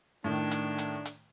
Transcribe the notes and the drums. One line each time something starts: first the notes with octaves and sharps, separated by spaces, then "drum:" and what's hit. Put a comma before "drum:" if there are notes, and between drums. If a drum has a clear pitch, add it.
A2 D#3 D4
drum: hi-hat
drum: hi-hat
drum: hi-hat